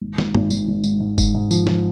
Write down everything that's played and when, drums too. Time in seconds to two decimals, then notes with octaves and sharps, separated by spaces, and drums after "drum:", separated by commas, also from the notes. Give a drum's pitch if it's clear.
0.01 G#1
0.18 G#1, drum: snare
0.35 G#1, drum: tom G2
0.50 G#1, drum: tambourine
0.68 G#1
0.84 G#2, drum: tambourine
1.00 G#2
1.18 G#2, drum: kick F#1, tambourine
1.35 G#2
1.51 F3, drum: tambourine
1.67 F3, drum: snare